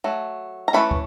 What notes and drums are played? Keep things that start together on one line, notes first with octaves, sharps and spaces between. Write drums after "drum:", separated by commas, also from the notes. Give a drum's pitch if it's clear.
F#3 A3
A#5
E3 A3 C#4 B4 B5
drum: kick